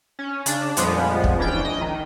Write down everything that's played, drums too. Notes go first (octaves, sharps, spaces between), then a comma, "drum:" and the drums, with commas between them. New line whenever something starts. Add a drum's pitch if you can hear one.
C#4
C#3 D4, drum: hi-hat
F2 A#2 F3 G3 G#3 B3, drum: hi-hat
drum: kick
E2 E3 C#4 D4 G5
A#1 D#5
D#3